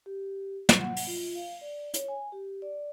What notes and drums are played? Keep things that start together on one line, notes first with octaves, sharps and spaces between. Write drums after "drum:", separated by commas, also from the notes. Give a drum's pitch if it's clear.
G4
drum: snare
F#5
drum: open hi-hat
F4
F5
D5
C#5, drum: hi-hat
G#5
G4
D5